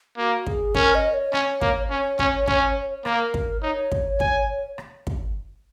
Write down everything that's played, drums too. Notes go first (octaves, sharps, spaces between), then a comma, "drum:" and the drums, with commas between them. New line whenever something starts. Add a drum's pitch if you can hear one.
A#3 F#4
G#4, drum: kick
C#4 A#4, drum: kick
D#5
C#5
C#4, drum: rim click
A#3, drum: kick
C#4 C#5
C#4, drum: kick
C#4, drum: kick
A#3 A#4, drum: rim click
drum: kick
D#4 C#5
drum: kick
G#5, drum: kick
drum: rim click
drum: kick